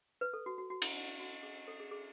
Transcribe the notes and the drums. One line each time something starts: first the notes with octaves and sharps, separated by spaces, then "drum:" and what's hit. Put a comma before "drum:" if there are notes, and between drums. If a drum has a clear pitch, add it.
B4
A4
F#4
F#4
F#4
E4, drum: cymbal
D#4
F#4
G#4
A4
G#4
G#4